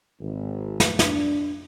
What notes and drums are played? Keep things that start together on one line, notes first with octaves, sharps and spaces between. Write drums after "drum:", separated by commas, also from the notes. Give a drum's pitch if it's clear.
G#1
drum: snare
D4, drum: snare